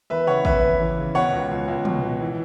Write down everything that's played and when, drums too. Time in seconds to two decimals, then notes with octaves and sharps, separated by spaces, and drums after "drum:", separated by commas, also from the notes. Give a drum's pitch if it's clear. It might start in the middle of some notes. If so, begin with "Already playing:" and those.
0.10 E2 B4 E5
0.27 C#3 C#5 F#5
0.45 E2 B4 E5, drum: kick
0.64 E2
0.80 E3
0.98 C#3
1.15 B2 C#5 F#5
1.32 C#2
1.51 C#2
1.68 C#2
1.85 B2, drum: tom
2.03 B2
2.21 E3